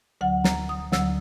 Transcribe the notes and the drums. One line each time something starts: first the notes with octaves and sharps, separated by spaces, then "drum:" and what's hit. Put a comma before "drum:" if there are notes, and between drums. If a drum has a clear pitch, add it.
D2 D3 F#3 F#5
A#5, drum: snare
D#6
D2 D3 F#3 E6, drum: snare